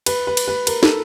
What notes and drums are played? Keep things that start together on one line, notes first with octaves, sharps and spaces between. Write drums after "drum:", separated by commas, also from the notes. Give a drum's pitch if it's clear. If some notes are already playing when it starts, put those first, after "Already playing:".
B4, drum: cymbal
B4
drum: cymbal
B4
A#4, drum: cymbal
A4, drum: snare